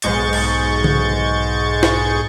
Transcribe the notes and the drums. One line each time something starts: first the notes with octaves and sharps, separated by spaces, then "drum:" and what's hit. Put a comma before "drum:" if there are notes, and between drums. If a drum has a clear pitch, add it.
B1 G#2 G#3 C#6 G6 A6, drum: hi-hat
drum: cymbal
drum: tom C#3
drum: snare